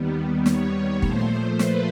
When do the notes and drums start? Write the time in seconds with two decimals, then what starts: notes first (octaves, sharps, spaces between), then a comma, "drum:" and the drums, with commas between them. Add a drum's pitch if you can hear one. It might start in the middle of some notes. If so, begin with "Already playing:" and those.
Already playing: D#2 D#3 G3 B3
0.46 C#5, drum: snare
1.02 A#2 F3 A3 C5, drum: kick
1.59 B4, drum: snare